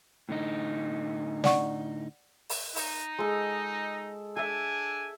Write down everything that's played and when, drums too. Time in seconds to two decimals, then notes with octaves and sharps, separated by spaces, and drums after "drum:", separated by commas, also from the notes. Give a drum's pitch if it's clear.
0.29 A2 D3 D#4
1.44 D5 F#5 C#6, drum: snare
2.49 drum: open hi-hat
2.76 D#4, drum: open hi-hat
3.19 G#3 A4
4.36 D4 A4 E5 G#5